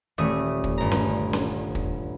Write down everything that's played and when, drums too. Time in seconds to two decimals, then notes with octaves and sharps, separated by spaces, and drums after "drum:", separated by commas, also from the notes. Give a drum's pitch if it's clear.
0.18 D#1 A3 D#6
0.64 drum: kick
0.78 G1 A#5
0.92 drum: snare C#4
1.33 drum: snare C#4
1.75 drum: kick